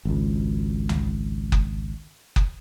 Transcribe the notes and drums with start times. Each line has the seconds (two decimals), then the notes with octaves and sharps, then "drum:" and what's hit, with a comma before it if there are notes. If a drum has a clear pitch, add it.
0.05 G#1 C#2
0.89 drum: tom
1.52 drum: kick F#1
2.36 drum: kick F#1